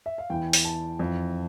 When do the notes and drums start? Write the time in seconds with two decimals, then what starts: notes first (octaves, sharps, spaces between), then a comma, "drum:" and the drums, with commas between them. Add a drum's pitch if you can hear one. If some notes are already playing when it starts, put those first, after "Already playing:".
0.06 E5
0.18 F5
0.30 E2 E3 G5
0.53 drum: open hi-hat
0.65 A5
0.99 F2 E3